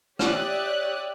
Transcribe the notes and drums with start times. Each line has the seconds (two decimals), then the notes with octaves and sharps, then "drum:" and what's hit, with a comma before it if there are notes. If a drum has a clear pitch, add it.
0.19 G4 C#5 D5 E5 D#6 F#6, drum: rim click